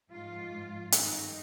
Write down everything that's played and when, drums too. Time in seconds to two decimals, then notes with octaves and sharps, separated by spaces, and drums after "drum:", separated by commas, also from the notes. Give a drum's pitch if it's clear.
0.11 G#2 F3 F4
0.92 G2 D#3 D#4, drum: hi-hat